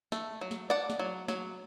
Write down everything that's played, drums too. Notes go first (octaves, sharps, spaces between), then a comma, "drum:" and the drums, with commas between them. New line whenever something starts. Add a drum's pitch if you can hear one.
A3, drum: snare
F#3
drum: snare
D4 D5 F#5
drum: snare
F#3
F#3, drum: snare